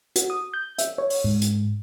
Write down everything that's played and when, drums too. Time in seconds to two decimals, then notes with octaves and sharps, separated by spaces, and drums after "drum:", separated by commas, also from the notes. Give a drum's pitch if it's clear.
0.16 F#4, drum: hi-hat
0.30 D#6
0.54 G6
0.78 E5, drum: hi-hat
0.98 C#5
1.10 drum: open hi-hat
1.24 G#2
1.42 drum: hi-hat